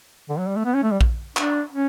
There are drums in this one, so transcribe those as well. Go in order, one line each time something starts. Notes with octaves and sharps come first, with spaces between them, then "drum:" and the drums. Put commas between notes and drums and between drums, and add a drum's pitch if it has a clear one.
D3
F#3
G3
A3
B3
C#4
A3
G3
drum: kick A#1
D4, drum: clap
C#4